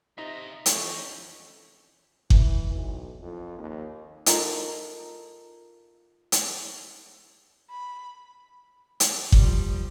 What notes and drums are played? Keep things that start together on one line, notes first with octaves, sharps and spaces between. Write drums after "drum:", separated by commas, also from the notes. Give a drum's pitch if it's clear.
C3 D#4 F4 D#5 E5 A#5
F2 E3 C4 C#4 C#6, drum: hi-hat
E3, drum: kick G1
B1
F2
D#2
D#4 F4 A4 A#4, drum: hi-hat
drum: hi-hat
B5
drum: hi-hat
F3 G3, drum: kick G1